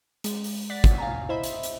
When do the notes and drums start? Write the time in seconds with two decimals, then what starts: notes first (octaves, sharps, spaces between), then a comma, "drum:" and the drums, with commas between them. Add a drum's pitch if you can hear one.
0.24 G#3, drum: hi-hat
0.44 drum: open hi-hat
0.70 D5 F#5 A6 B6
0.84 drum: kick, hi-hat
0.98 F5 G#5 A#5
1.29 E4 C5 D#5 E5 B5
1.44 drum: hi-hat
1.63 drum: hi-hat